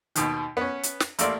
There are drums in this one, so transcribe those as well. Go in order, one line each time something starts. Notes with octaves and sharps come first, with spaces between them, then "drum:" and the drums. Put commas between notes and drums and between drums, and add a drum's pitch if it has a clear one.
D#2 B2 D#3, drum: hi-hat
B3 C#4
drum: hi-hat
drum: snare
A1 A3 A#3 D5 C6, drum: hi-hat